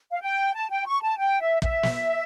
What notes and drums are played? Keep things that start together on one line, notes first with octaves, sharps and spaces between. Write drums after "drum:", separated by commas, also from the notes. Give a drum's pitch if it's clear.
F5
G5
A5
G5
C#6
A5
G5
E5
E5, drum: kick
drum: snare